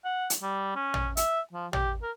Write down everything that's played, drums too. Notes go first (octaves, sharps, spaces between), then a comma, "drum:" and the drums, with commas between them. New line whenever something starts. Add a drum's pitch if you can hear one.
F#5
drum: hi-hat
G3
C#4
drum: tom
E5, drum: hi-hat
F3
G4, drum: tom
A#4